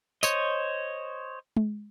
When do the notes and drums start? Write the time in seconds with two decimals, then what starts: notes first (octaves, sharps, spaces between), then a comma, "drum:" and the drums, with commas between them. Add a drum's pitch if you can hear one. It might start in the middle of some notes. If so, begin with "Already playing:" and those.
0.23 C5 C#5 D#5, drum: tambourine
1.57 drum: tom G#3